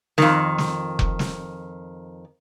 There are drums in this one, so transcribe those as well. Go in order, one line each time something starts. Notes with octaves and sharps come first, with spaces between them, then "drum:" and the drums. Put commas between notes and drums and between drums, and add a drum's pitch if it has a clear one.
F2 D#3, drum: snare
drum: snare
drum: kick F1
drum: snare